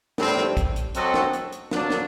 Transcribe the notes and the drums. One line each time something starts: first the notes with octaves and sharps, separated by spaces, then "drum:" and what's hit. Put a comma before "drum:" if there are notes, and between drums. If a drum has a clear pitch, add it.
A2 G3 C4, drum: snare
drum: snare
drum: kick, hi-hat
drum: hi-hat
F#3 C4 F#4 A4 D#5, drum: hi-hat
drum: snare
drum: hi-hat
drum: hi-hat
F#3 A#3 D4, drum: snare
drum: snare